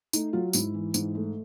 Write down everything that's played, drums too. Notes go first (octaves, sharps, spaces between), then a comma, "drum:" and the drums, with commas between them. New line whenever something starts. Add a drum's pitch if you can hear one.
A3 D#4, drum: tambourine
F#3 F4
G#2 E4, drum: tambourine
E3
G#2, drum: tambourine
A3